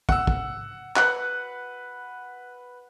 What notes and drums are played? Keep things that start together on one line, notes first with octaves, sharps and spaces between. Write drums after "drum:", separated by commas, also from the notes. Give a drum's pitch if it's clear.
F#5 E6, drum: kick
drum: kick
B4 F#5, drum: clap